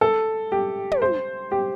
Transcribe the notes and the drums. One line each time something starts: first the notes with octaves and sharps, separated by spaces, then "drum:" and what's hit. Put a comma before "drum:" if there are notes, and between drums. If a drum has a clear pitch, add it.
A4
G4
drum: tom
C5
G4